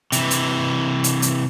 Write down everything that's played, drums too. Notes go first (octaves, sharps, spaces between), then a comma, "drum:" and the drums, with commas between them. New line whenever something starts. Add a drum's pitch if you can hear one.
C3 E3, drum: hi-hat
drum: hi-hat
drum: hi-hat
drum: hi-hat